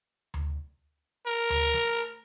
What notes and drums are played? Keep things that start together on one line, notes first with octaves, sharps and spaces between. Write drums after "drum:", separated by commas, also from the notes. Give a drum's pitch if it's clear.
drum: tom D2
A#4
drum: tom D2
drum: snare